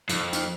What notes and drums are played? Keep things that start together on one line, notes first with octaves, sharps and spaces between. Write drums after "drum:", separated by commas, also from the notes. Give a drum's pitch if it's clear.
F2, drum: hi-hat
drum: hi-hat